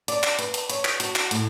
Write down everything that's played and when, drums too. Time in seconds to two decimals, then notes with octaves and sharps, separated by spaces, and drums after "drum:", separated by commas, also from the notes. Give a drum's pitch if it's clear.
0.08 D5, drum: hi-hat
0.23 drum: clap
0.39 B4, drum: hi-hat
0.54 drum: hi-hat
0.70 C#5, drum: hi-hat
0.85 drum: clap
1.00 F#4, drum: hi-hat
1.15 drum: clap
1.31 A2, drum: hi-hat